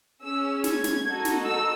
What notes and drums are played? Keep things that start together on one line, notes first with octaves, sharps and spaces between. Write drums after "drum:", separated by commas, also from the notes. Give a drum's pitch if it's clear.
C#4 G#4 E6
G#6, drum: snare
drum: snare
D#4 F#4 A4
drum: snare
E6